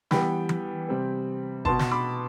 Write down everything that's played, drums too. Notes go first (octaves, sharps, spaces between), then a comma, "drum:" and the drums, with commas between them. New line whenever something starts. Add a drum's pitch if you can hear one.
E3 G3 B3 G5 B5, drum: snare
drum: tom E3
C3 G3 C4
B2 B3 A5 C6, drum: kick F#1
drum: snare
B5 D6